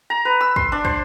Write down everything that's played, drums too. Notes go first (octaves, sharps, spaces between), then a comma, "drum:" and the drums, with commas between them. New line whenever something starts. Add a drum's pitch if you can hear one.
A#5
B4
E6
C6, drum: kick
D4
C5, drum: kick